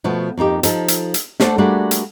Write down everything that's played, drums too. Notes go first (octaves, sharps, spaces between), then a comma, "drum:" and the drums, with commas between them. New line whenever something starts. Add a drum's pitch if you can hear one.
B2 F3 A3 B3
F2 A#3 D#4 G4
F3 D#4 A4, drum: hi-hat
drum: hi-hat
drum: hi-hat
A3 D4 A4 C5 F#5 A5, drum: snare
G3 A3 A#3 D4 F#4 G#4
drum: hi-hat